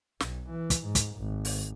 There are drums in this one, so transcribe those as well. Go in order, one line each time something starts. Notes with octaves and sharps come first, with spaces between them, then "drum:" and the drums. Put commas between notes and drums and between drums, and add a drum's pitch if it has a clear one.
B1, drum: snare
E3
drum: kick, hi-hat
G#2
drum: kick, hi-hat
G#1
drum: open hi-hat